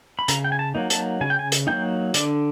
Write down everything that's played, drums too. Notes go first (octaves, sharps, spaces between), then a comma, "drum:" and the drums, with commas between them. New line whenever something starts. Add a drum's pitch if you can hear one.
B5
C#3 A#5, drum: hi-hat
G5
G#5
A5
F#3 A#3 D#4
A5, drum: hi-hat
C#3 G#5
G5
G#5
drum: hi-hat
F#3 A#3 D#4 G5
D3 D5, drum: hi-hat